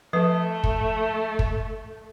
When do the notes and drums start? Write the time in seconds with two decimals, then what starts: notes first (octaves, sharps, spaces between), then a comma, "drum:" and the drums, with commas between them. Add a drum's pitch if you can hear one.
0.13 F3 A3 B4
0.64 drum: kick
1.39 drum: kick